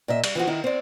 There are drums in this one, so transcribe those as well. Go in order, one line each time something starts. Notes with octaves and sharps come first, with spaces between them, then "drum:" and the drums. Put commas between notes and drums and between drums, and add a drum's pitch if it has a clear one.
A#2 D#5 E5
G3, drum: cymbal
E3 F3 F#4
D#3 E4
C4 D5